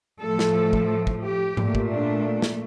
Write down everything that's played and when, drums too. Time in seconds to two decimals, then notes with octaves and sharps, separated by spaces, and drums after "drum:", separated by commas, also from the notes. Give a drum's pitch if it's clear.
0.22 A2 F3 A3 A4
0.39 drum: snare
0.73 drum: kick
1.07 drum: kick
1.24 G4
1.57 A#2 A3, drum: tom G#2
1.75 drum: kick
1.92 D4
2.42 drum: snare